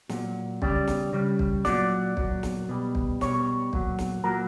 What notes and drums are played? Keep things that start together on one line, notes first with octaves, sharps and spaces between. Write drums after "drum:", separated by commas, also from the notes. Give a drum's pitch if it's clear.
A#2 F#3, drum: snare
C#3 G3 D5, drum: kick
drum: snare
C#3 G3
drum: kick
A#2 F#3 D5, drum: snare
A#2 F#3, drum: kick
drum: snare
B2 G3
drum: kick
B2 G3 C#5, drum: snare
A#2 F#3, drum: kick
drum: snare
A#2 F#3 A#4